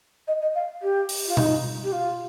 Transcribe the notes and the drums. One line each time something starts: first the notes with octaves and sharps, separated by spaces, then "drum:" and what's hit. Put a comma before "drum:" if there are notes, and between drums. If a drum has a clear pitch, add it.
D#5
D#5
F5
G4
drum: open hi-hat
F4
D#4, drum: tom B2
G4
F4